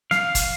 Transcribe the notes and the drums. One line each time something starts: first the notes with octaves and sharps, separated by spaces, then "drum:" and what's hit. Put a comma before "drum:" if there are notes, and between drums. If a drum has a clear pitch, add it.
F5, drum: snare
drum: kick, hi-hat